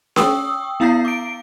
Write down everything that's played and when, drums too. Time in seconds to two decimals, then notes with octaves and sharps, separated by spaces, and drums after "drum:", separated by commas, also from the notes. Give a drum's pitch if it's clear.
0.16 G5 C#6 D#6 E6, drum: snare C#4
0.80 B3 E4 F5 A#5 G6 C7
1.05 D6 D7